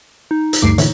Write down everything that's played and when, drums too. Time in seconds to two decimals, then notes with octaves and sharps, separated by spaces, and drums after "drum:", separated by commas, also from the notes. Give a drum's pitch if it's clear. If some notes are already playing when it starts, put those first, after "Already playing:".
0.31 D#4
0.53 drum: hi-hat
0.62 D2 G2 A3 D6 C7
0.78 A#2 D3 E3 C#5, drum: hi-hat